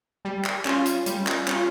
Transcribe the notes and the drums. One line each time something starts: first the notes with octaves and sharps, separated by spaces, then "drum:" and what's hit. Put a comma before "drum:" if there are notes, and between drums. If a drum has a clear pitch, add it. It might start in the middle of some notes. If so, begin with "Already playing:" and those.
G3
drum: clap
C#4 F4, drum: clap
drum: hi-hat
G3, drum: hi-hat
drum: clap
C#4, drum: clap
F4